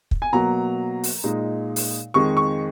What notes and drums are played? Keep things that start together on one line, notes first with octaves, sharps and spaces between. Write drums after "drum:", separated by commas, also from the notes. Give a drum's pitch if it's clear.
drum: kick
G#5
B2 F#3 A#3 A#5
drum: open hi-hat
A#2 G#3 D#4
drum: open hi-hat
F2 D#3 G#3 C#6
C#6